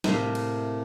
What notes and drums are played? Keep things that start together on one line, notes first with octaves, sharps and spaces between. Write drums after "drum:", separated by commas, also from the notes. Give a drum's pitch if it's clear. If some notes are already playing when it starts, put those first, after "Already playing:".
A2 C3 A3 A#3 E5 F5, drum: snare
drum: cymbal